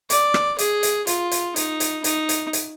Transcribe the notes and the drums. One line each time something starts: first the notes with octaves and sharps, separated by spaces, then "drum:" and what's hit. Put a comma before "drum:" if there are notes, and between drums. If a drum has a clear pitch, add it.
D5, drum: hi-hat
drum: rim click
G#4, drum: hi-hat
drum: hi-hat
F4, drum: hi-hat
drum: hi-hat
D#4, drum: hi-hat
drum: hi-hat
D#4, drum: hi-hat
drum: hi-hat
drum: hi-hat